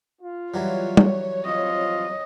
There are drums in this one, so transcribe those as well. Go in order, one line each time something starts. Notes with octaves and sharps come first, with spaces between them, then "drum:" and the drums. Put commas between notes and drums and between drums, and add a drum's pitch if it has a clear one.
F4
E3 F#3 G3 C#5
drum: tom
F3 C4 F4 D#5